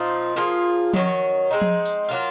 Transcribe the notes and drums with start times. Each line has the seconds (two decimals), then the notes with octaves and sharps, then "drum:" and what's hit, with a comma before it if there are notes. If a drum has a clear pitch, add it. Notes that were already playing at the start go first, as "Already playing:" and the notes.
Already playing: A#2 F3 C4 D#4
0.36 F3 A#3 F4 G#4
0.94 D#3 F#3 C#4, drum: tom F3
1.51 G#3 C4 D#4
1.62 drum: tom F3
1.85 drum: tambourine
2.09 F#3 A#3 F4